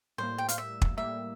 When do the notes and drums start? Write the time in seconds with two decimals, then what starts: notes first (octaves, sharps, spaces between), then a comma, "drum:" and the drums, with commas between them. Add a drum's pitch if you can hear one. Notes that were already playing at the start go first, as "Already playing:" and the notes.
0.18 A2 G3 A#3 C5
0.38 G5
0.49 F5, drum: hi-hat
0.58 E5
0.82 drum: kick
0.96 A2 G3 A#3 E5